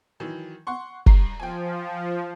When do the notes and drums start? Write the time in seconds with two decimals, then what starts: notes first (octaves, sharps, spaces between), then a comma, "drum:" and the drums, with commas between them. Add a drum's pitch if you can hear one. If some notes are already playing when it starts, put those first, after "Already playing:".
0.20 D#3 E3 F#3
0.67 F#5 C6 C#6
1.06 G2 A#5 C7, drum: kick
1.40 F3 G5 G#5